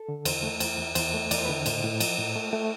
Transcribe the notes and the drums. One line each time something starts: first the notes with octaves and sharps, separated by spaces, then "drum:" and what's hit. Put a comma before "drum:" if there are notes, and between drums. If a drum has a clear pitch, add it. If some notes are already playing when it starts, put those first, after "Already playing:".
Already playing: A4
D3
E2 C5, drum: cymbal
A3
E2 C5, drum: cymbal
E2
E2 C5, drum: cymbal
A3
E2 D5, drum: cymbal
C5
B4
D3 C5
A2 C5, drum: cymbal
A2
F3, drum: cymbal
A2
A3
A3